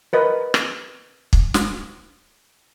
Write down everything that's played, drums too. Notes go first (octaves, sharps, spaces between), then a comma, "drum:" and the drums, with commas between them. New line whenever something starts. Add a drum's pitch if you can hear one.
A#4 B4 D#5
drum: rim click
drum: kick
drum: snare